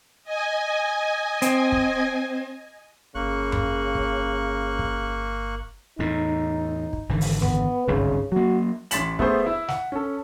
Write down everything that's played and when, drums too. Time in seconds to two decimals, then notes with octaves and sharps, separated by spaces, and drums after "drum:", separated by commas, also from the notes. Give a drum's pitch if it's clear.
0.23 D#5 G#5
1.42 C4, drum: hi-hat
1.72 drum: kick
3.15 G1 C#3 A#3 C#6 F#6
3.52 drum: tom F#2
3.95 drum: kick
4.79 drum: kick
5.99 E2 A2 D#4
6.93 drum: kick
7.09 G#1 D3 E3
7.21 drum: open hi-hat
7.42 B3, drum: tom F#2
7.88 G1 C2 G#2 C#3
8.32 F#3 A#3 F#4
8.91 A1 C6 A6 B6 E7 F#7, drum: hi-hat
9.19 A3 B3 G#4 C5, drum: kick
9.45 E4 E5
9.68 F#5, drum: snare
9.92 C#4 A4